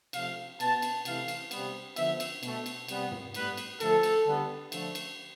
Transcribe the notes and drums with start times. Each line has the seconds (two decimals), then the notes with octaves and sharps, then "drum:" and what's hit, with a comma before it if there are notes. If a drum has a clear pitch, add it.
0.13 C3 F3 A3 F5, drum: cymbal
0.60 B2 B3 A5, drum: cymbal
0.82 drum: cymbal
1.05 C3 E3 A3 F5, drum: cymbal
1.28 drum: cymbal
1.51 C3 G3 B3, drum: cymbal
1.96 D3 F3 B3 E5, drum: cymbal
2.20 drum: cymbal
2.43 B2 A3, drum: cymbal
2.66 drum: cymbal
2.88 C3 G3 B3, drum: cymbal
3.12 drum: tom
3.34 A2 G3 B3 B4, drum: cymbal
3.57 drum: cymbal
3.80 D3 F3 A3 A4, drum: cymbal
4.03 drum: cymbal
4.26 D3 G3 B3
4.72 D3 F3 A3, drum: cymbal
4.95 drum: cymbal